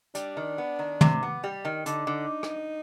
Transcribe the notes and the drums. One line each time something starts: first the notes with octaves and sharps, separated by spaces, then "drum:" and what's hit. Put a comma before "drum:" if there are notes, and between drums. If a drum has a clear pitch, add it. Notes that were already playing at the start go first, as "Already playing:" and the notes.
G3 D4, drum: hi-hat
D#3
B3
D#3
C3, drum: tom
B3
G3
D#3
D3 D#4, drum: hi-hat
D3
drum: rim click